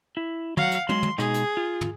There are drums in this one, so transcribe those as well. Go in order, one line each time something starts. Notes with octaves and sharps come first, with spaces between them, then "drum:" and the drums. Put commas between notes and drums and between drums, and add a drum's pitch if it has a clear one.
E4
F#3 F5 F#5, drum: tom
drum: hi-hat
F#3 G#3 C6, drum: tom
drum: tom
B2 G#3 D#4 G#4, drum: rim click
drum: hi-hat
F4
drum: tom